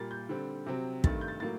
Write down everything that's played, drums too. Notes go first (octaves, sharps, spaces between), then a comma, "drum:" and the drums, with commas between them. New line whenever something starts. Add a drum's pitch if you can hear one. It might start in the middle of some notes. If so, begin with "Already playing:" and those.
Already playing: A#2 G3 A#3 A6
G6
D3 G3 C4
C3 F#3 C4
G2 D#3 A3 A6, drum: kick
G6
A6
A2 F#3 A#3 A6